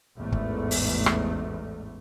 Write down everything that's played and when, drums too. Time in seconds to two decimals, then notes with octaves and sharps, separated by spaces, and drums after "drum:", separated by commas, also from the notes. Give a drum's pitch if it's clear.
0.17 A1 E2 G#2 A3
0.32 drum: kick
0.71 drum: open hi-hat
1.06 drum: rim click